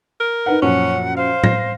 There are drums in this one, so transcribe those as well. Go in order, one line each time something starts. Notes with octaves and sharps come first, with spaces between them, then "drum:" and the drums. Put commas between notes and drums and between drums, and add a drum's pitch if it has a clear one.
A#4
D#4 B4 F#5
F#2 A#2 F3 C#4 F#5
C5 F5
A#6, drum: tom A2